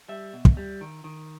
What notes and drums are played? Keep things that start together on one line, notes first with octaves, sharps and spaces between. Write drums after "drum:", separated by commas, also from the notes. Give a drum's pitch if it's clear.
G3 E5
B2
drum: kick
G3
D#3
D#3